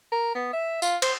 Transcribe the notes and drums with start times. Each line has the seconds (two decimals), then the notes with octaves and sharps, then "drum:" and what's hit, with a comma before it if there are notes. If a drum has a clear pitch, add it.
0.12 A#4
0.35 B3
0.53 E5
0.82 F4, drum: tambourine
1.02 C5, drum: cymbal